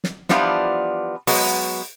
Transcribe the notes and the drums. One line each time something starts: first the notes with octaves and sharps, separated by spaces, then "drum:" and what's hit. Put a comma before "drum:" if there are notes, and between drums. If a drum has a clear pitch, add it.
drum: snare
E3 F3 G3 B3 D4 F4, drum: snare
F#3 G#3 B3, drum: open hi-hat